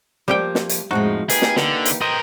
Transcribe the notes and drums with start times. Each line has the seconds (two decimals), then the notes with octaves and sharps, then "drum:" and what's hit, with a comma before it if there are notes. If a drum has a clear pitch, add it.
0.28 F3 G3 A#3 G4 G5
0.55 drum: snare
0.69 drum: hi-hat
0.91 F2 A2 F3 G#3 D#4 F#4
1.30 A#3 D#4 G4 G#4 B4, drum: hi-hat
1.42 drum: snare
1.56 D3, drum: snare
1.85 drum: hi-hat
2.01 A#4 C5 D#5 G5